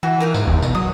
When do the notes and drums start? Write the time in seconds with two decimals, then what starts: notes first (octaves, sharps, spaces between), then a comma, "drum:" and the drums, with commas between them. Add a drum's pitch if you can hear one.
0.03 E3 F#4
0.20 D#4 F4 A#4
0.34 G#2, drum: tambourine
0.47 E2, drum: kick
0.62 B2, drum: tambourine
0.75 F#3 D#6